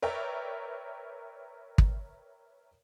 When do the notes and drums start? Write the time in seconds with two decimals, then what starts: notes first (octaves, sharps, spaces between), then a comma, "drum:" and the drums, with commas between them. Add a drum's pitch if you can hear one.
0.02 A#4 B4 C#5 D5 E5 G5
1.78 drum: kick